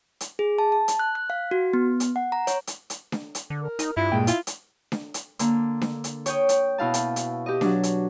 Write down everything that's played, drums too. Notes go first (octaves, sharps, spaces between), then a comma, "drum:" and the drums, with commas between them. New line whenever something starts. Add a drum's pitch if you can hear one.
drum: hi-hat
G#4
A5
A5
drum: hi-hat
F#6
F#6
F5
F#4
B3
drum: hi-hat
F#5
A#5
C#5, drum: hi-hat
drum: hi-hat
drum: hi-hat
drum: snare D4
drum: hi-hat
D3
A#4
D#4, drum: hi-hat
G2 E4 F4
A#2 G#3 G5
E4 F4, drum: hi-hat
drum: hi-hat
drum: snare D4
drum: hi-hat
D3 A#3, drum: hi-hat
drum: snare D4
drum: hi-hat
C#5 G5 D#6, drum: hi-hat
drum: hi-hat
B2 E4 F5 A5
drum: hi-hat
drum: hi-hat
G4 D#5
F#3 D4, drum: snare D4
drum: hi-hat